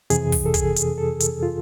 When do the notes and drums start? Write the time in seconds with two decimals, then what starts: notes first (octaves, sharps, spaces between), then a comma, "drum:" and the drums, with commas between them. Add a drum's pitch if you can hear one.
0.10 F2 C3 E3 G#4, drum: hi-hat
0.32 drum: kick, open hi-hat
0.46 A4
0.54 G#4, drum: kick, hi-hat
0.76 drum: hi-hat
0.98 A4
1.20 drum: hi-hat
1.43 F4